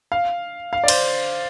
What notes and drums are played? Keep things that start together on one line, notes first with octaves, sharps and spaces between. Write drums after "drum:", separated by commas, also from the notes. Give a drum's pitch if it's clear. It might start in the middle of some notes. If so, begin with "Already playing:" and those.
F5
F5
D5
C5, drum: cymbal